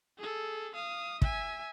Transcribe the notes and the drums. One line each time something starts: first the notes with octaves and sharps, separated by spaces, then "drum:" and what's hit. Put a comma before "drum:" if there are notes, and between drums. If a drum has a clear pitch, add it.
G#4 A4
F5 D#6
E5 G#5, drum: kick